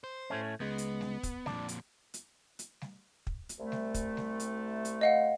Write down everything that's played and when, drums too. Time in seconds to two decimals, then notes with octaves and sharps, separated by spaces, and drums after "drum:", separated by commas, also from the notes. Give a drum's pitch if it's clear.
0.04 C5
0.30 A2 A3 C#4
0.60 C#2 G#3 B3
0.78 drum: hi-hat
1.01 drum: snare G3
1.23 drum: kick, hi-hat
1.46 F2 A#2 D4, drum: snare G3
1.69 drum: hi-hat
2.14 drum: hi-hat
2.59 drum: hi-hat
2.81 drum: snare G3
3.27 drum: kick
3.49 drum: hi-hat
3.59 C2 A3
3.72 drum: snare G3
3.94 drum: kick, hi-hat
4.17 drum: snare G3
4.40 drum: hi-hat
4.85 drum: hi-hat
5.01 D#5 F5 F#5